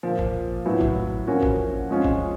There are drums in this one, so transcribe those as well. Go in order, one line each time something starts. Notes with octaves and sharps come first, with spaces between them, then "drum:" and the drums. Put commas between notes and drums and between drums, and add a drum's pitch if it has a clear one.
A#2 F3 A#3
drum: kick
A2 F#3 B3 E4
drum: kick
F3 A#3 C#4 F#4
drum: kick
F3 G#3 C#4 F4
drum: kick